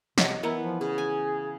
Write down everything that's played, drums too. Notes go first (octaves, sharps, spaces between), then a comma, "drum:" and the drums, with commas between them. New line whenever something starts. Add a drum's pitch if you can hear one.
C3 C#5 D#5 F#5, drum: snare
E3 B3 E4 A#4 F#5 A#5
F3
C#3 G#4
G#5